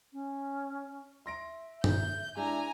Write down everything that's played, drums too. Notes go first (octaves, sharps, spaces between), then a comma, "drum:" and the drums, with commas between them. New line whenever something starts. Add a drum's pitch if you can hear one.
C#4
E5 C6 A#6 D7
G6, drum: tom G2
G#3 D4 E4 G#5 A#5